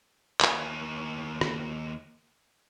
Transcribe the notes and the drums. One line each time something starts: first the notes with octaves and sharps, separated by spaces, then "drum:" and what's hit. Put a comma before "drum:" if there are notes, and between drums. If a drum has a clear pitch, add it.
D#2 C#5, drum: clap
drum: rim click